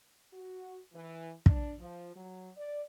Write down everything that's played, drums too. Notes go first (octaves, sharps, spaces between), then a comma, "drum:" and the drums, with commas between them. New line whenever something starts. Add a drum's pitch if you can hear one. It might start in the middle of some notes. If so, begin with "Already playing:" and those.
F#4
E3
D4, drum: kick
F3
F#3
D5